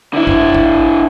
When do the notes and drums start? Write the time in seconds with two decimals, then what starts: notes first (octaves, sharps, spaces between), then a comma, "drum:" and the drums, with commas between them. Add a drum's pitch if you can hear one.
0.14 D3 E4
0.27 drum: kick A1
0.54 drum: kick A1